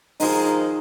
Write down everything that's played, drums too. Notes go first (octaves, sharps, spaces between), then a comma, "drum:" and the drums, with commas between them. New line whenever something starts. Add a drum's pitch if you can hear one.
D#3 F3 G#3 D#4 G#4, drum: open hi-hat